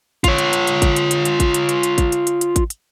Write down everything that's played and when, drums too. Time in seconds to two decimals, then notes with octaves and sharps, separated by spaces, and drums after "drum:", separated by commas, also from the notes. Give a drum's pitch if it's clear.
0.24 F4 C#5, drum: kick G#1, hi-hat
0.38 drum: hi-hat
0.53 drum: hi-hat
0.67 drum: hi-hat
0.82 drum: kick G#1, hi-hat
0.96 drum: hi-hat
1.11 drum: hi-hat
1.25 drum: hi-hat
1.40 drum: kick G#1, hi-hat
1.54 drum: hi-hat
1.69 drum: hi-hat
1.83 drum: hi-hat
1.98 drum: kick G#1, hi-hat
2.12 drum: hi-hat
2.27 drum: hi-hat
2.41 drum: hi-hat
2.56 drum: kick G#1, hi-hat
2.70 drum: hi-hat